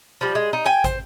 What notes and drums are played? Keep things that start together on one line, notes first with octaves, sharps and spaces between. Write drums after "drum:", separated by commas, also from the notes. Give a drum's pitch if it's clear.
F3 G3
G#3
D#4
G5 G#5
C5, drum: kick, hi-hat